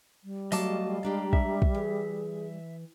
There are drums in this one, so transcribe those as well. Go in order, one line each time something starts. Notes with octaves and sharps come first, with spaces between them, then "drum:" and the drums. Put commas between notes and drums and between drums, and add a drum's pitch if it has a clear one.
G3
F#3 A3 F#4 D#5 F5 A5 D6, drum: open hi-hat
G#3 D4 G4 A#5
E5, drum: kick
drum: kick
E3 G#4